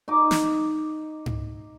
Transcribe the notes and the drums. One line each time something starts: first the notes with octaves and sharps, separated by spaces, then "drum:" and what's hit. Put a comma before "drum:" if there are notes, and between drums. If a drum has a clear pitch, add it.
D#4 D6
drum: snare
drum: tom G#2